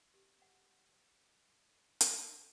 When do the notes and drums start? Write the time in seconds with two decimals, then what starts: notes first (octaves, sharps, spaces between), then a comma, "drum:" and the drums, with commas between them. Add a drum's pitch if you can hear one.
0.14 G4
0.42 F#5
2.01 drum: hi-hat